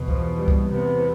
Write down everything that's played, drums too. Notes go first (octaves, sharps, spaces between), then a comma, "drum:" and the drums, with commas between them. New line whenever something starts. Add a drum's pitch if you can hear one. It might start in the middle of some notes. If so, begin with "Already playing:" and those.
Already playing: E2 B2
F3, drum: kick C2
G3
drum: kick C2
E2 C3 B3